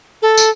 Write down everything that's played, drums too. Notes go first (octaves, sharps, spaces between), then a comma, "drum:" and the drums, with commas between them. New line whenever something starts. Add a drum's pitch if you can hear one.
A4
drum: tambourine